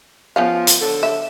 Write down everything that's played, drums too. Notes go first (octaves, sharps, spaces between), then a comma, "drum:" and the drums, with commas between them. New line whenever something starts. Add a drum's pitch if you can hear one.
F3 B3 C#4 F5
drum: hi-hat
D3 F#3 A4
E5